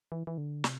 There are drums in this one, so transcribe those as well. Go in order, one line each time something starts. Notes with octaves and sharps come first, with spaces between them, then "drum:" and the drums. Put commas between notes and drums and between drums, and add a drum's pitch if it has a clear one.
E3
E3
D3
C3, drum: snare